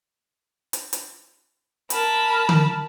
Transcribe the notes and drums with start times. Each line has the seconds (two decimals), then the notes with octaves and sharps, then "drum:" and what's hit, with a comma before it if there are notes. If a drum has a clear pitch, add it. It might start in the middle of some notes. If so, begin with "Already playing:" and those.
0.73 drum: hi-hat
0.93 drum: hi-hat
1.90 A#4 A5 B5, drum: hi-hat
2.49 drum: tom D3